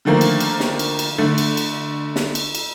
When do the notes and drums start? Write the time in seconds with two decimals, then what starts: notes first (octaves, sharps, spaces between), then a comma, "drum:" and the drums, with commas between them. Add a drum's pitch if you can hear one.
0.05 D3 D#3 F3 A3 A#3
0.21 drum: cymbal
0.40 drum: cymbal
0.60 drum: snare
0.79 drum: cymbal
0.99 drum: cymbal
1.18 D3 A3
1.38 drum: cymbal
1.57 drum: cymbal
2.16 drum: snare
2.35 drum: cymbal
2.55 drum: cymbal